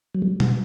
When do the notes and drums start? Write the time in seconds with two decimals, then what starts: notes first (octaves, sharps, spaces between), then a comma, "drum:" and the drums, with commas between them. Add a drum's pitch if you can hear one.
0.15 F#3
0.22 G3
0.40 G3, drum: tom B2